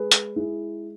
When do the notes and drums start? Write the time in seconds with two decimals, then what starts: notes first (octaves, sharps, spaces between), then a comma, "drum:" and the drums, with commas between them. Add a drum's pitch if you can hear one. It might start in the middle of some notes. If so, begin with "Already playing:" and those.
Already playing: G#3 G#4 B4
0.11 drum: hi-hat
0.36 G#3 E4 G#4